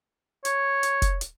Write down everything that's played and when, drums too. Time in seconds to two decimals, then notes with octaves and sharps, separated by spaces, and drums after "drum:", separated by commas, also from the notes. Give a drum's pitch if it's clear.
0.45 C#5, drum: hi-hat
0.83 drum: hi-hat
1.02 drum: kick F1, hi-hat
1.21 drum: hi-hat